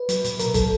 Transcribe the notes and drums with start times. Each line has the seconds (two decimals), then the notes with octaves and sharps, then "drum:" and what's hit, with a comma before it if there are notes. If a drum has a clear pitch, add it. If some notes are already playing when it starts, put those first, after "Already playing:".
Already playing: B4
0.09 F#3, drum: hi-hat
0.24 A#2, drum: hi-hat
0.39 B2 A#4, drum: hi-hat
0.54 F#3 A4, drum: kick, hi-hat